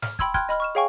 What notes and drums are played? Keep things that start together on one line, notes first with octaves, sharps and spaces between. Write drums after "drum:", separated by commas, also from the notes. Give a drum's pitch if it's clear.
F6, drum: snare
G5 B5 C6 E6 G#6, drum: kick, hi-hat
G5 B5 C6 F6 F#6 G#6, drum: kick, hi-hat
D#5 B5 F6, drum: hi-hat
C#6 F6 E7
G#4 C#5 F5 G5 G#5 C#6